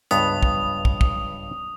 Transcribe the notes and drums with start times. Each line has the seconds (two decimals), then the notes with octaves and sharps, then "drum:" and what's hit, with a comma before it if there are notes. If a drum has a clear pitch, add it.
0.11 C#2 G2 B3 D#6, drum: hi-hat
0.43 drum: kick
0.85 drum: kick
1.01 drum: kick